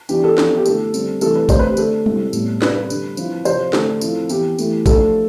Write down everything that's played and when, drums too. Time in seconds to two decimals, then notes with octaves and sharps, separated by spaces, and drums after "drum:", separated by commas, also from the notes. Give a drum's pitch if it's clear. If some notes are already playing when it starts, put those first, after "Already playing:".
0.09 E3 B3 D4 G4, drum: tambourine
0.24 A4
0.38 F3 B3 D4, drum: snare
0.56 G4
0.66 D3 A3 E4 A4, drum: tambourine
0.94 D3 G3 C4, drum: tambourine
1.21 C3 E3 A3 A4, drum: tambourine
1.35 B4
1.49 D3 A3 C4 C5, drum: kick, tambourine
1.59 B4
1.68 G4
1.77 D3 A3 D4 A4, drum: tambourine
2.06 C3 G3 C4 E4, drum: tom G3
2.33 A2 G3 B3, drum: tambourine
2.62 C3 G3 D4 B4, drum: snare
2.75 B4
2.90 D3 G3 D4, drum: tambourine
3.17 F3 C4 E4, drum: tambourine
3.45 C3 F3 C4 C5, drum: tambourine
3.73 D3 A3 D4 A4, drum: snare
4.01 F3 C4 E4, drum: tambourine
4.29 E3 B3 E4 G4, drum: tambourine
4.59 E3 A3 E4, drum: tambourine
4.86 F3 A3 D4 A4, drum: kick, tambourine